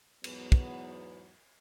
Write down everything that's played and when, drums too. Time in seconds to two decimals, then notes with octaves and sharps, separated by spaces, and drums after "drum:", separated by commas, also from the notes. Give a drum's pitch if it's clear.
0.24 E2 G#2 F#3 B3, drum: cymbal
0.52 drum: kick